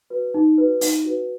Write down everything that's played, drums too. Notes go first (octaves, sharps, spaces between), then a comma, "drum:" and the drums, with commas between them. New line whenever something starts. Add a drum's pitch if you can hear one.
F#4 B4
D#4
F#4 B4
D#4, drum: open hi-hat
F#4 B4